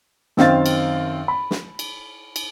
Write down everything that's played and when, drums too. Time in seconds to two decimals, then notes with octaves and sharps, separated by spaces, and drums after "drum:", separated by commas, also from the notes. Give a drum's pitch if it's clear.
0.37 F#2 D#3 C4 F5 A6, drum: snare
0.66 drum: cymbal
1.28 B5
1.51 drum: snare
1.79 drum: cymbal
2.36 drum: cymbal